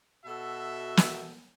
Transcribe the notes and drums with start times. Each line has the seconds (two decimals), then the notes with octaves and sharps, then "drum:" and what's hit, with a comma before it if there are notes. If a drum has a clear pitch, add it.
0.25 B2 F#4 A4 E5
0.97 drum: snare